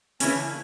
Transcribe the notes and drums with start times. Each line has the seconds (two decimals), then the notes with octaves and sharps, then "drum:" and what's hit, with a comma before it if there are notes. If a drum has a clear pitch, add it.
0.20 C#3 E3 A#3 C#4 E4, drum: hi-hat
0.35 D4